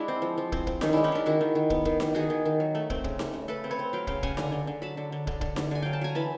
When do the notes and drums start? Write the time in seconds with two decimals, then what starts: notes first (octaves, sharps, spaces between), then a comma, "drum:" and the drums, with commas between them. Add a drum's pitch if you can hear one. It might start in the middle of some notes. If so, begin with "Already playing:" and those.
Already playing: G#3 D4 E4 F#4
0.08 C4
0.22 F3
0.38 F3
0.52 C4, drum: kick
0.67 C4, drum: kick
0.81 D#3 C#4 D#4, drum: snare D#4
0.93 G#3 D4 E4
1.04 C#4 D#4
1.12 G#3 D4 E4
1.26 D#3 E4 F#4
1.41 D#3
1.55 D#3
1.70 B3, drum: kick
1.85 D#3, drum: kick
2.00 D#3, drum: snare D#4
2.15 D#3 F#4 G#4
2.30 D#3
2.45 D#3
2.60 F#3
2.75 A3
2.90 C4, drum: kick
3.04 C#3, drum: kick
3.19 A3, drum: snare D#4
3.34 C#3
3.48 A3 A4 B4
3.64 C4
3.71 B4 C#5
3.79 C4
3.93 F#3 F5 G5
4.07 C#3 F5 G5, drum: kick
4.23 C#3 F#5 G#5, drum: kick
4.37 D3 G#5 A#5, drum: snare D#4
4.52 D3
4.67 D3
4.82 F#3 A5 B5
4.97 D3
5.12 D3
5.27 D3, drum: kick
5.41 D3, drum: kick
5.56 D3, drum: snare D#4
5.71 D3 G#5
5.82 F#3 F5 G5
5.93 G5 A5
6.01 F#3 G#5 A#5
6.15 E3 A5 B5